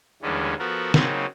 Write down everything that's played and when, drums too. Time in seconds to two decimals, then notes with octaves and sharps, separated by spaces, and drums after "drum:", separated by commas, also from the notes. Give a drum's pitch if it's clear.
0.22 D#2 D3 E3 G3 G#3 C#4
0.59 F3 B3 F#4 A4 A#4
0.94 C#3 F#3 A#3 C4 D#4, drum: snare